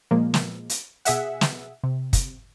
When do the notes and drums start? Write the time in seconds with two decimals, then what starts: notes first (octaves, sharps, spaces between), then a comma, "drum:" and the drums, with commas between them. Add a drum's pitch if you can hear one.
0.11 A#2 F3 G#3 A#3
0.34 drum: snare
0.70 drum: hi-hat
1.05 B2 G#4 E5 F#5, drum: hi-hat
1.41 drum: snare
1.83 C3
2.13 drum: kick, hi-hat